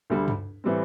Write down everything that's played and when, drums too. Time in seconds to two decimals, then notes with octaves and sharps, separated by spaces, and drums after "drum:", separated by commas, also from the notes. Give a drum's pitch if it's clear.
0.10 D2 D3 G3
0.28 drum: tom G2
0.64 A2 E3 G3 C4